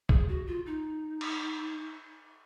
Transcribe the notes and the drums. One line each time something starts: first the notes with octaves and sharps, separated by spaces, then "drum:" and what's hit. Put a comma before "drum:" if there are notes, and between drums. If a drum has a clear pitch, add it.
G#4, drum: kick
F#4
F4
D#4
drum: cymbal